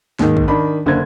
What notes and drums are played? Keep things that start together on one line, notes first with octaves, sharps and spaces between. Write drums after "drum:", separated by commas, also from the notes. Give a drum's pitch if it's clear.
D#2 G#2 D#3, drum: snare
drum: kick
D#3 D4 B5
F#1 D3 A#3 C5 G#6